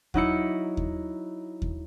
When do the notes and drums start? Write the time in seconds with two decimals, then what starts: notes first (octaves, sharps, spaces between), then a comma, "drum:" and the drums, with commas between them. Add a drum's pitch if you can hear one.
0.14 F#3 D#4 E4 C#7, drum: kick D#2
0.77 drum: kick D#2
1.62 drum: kick D#2